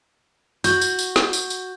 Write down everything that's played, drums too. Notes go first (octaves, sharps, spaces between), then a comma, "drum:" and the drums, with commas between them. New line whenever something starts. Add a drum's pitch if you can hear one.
F#4 G6, drum: tambourine
drum: tambourine
drum: tambourine
drum: snare
drum: tambourine
drum: tambourine